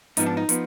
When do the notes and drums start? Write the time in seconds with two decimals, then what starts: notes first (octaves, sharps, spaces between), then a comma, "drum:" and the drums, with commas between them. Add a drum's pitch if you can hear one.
0.17 G#2 F3 B3 D#4, drum: hi-hat
0.26 D4
0.37 D#4
0.49 F3 B3, drum: hi-hat